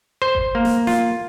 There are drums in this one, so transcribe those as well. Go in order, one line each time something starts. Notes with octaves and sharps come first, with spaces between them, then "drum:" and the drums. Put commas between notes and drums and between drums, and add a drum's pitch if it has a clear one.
C5
drum: kick G1
A#3
drum: snare
F4, drum: snare